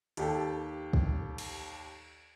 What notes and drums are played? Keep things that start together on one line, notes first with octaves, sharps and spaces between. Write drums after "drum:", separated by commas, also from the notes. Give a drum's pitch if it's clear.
D#2 G4 A4, drum: hi-hat
drum: kick
drum: cymbal